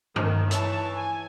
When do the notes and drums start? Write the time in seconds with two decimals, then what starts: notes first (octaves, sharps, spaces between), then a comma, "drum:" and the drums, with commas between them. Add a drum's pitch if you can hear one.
0.16 D#3, drum: tom G2
0.51 E3 C#5 E5 A5, drum: hi-hat
0.95 G#5